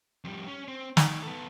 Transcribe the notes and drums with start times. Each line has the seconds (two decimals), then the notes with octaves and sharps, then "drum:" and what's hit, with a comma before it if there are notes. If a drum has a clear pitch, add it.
0.24 F2 G3
0.48 C#4
0.68 C4
0.97 D#3, drum: snare
1.23 B3 A4